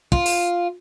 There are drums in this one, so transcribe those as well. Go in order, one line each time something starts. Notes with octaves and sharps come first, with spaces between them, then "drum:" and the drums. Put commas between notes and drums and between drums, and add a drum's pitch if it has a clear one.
F4, drum: kick
drum: open hi-hat